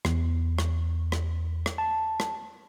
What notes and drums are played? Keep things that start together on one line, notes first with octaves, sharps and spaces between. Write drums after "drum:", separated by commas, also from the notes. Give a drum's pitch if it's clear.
E2, drum: rim click
drum: rim click
drum: rim click
drum: rim click
A5
drum: rim click